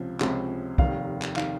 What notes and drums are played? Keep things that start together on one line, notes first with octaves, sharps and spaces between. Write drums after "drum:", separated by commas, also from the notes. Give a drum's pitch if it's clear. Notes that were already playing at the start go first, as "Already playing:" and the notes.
Already playing: C#2 C3 F3 C#4
C#2 C3 F3 G#3 C#4, drum: clap
F1 D#2 D#3 F5, drum: kick
drum: clap
D#3 F5, drum: clap